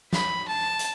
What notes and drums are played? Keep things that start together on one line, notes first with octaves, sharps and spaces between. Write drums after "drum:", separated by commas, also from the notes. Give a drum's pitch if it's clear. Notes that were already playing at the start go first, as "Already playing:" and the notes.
B5, drum: snare
A5
drum: hi-hat